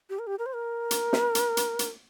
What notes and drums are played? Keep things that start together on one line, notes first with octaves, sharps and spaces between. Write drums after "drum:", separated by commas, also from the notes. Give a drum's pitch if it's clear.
G4
A#4
G4
A#4
C5
A#4
drum: hi-hat
drum: snare
drum: hi-hat
drum: hi-hat
drum: hi-hat